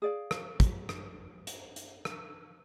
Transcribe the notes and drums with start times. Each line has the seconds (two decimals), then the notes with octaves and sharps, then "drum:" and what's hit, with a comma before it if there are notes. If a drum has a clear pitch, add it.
0.02 G#4 D5 F5
0.31 drum: rim click
0.60 drum: kick, hi-hat
0.89 drum: rim click
1.47 drum: hi-hat
1.76 drum: hi-hat
2.05 drum: rim click